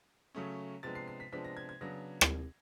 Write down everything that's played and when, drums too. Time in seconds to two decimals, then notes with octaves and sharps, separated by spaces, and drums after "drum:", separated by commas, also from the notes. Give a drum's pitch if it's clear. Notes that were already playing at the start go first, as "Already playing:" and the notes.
0.35 C#3 F#3 A3 C#4
0.83 C3 F3 G#3 B3 D4 A6
0.95 C7
1.08 C7
1.20 B6
1.32 C3 F3 G#3 B3 D4 B6
1.44 A#6
1.57 G#6
1.69 G#6
1.81 C#3 F#3 B3 D4 A#6
2.21 drum: rim click